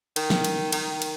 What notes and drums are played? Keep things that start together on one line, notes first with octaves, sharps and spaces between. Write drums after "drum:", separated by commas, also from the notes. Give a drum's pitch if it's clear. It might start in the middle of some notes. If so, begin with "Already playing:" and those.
D#3, drum: cymbal
drum: snare
drum: cymbal
D#3, drum: cymbal
drum: cymbal